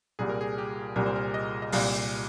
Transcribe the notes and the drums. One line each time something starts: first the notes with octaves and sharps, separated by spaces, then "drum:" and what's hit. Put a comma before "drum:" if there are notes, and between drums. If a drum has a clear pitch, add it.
C2 A#2 G3 G#4
A#4
G#4
G4
C2 A#2 G3 A#4
C5
A#4
D#5
D#5
C2 A#2 G3 F5, drum: open hi-hat